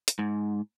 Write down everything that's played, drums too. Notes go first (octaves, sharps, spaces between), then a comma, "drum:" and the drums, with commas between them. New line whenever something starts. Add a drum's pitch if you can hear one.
drum: hi-hat
G#2